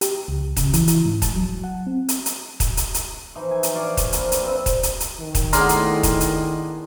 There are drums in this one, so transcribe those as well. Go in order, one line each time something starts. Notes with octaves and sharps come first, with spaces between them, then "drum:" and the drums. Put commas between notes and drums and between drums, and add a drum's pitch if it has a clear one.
G4, drum: hi-hat
C#2
C#3, drum: kick D#1, hi-hat
E3, drum: hi-hat
E4, drum: hi-hat
G#2
A5, drum: kick D#1, hi-hat
F#3
F#5
C4
drum: hi-hat
drum: hi-hat
drum: kick D#1, hi-hat
drum: hi-hat
drum: hi-hat
E3 F3 D#4
G#5
drum: hi-hat
D4 F#4 D5 F5
drum: kick D#1, hi-hat
F3 A#3 B4, drum: hi-hat
drum: hi-hat
C4 B4 E5
drum: kick D#1, hi-hat
drum: hi-hat
drum: hi-hat
D#3
drum: kick D#1, hi-hat
A2 A#3 B3 D4 G#4 A#5 C6 F6, drum: hi-hat
drum: hi-hat
drum: kick D#1, hi-hat
drum: hi-hat